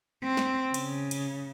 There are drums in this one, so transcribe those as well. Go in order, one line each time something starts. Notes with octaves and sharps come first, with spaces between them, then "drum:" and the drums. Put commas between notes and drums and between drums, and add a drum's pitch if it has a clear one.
C4
drum: snare
C#3, drum: cymbal
drum: cymbal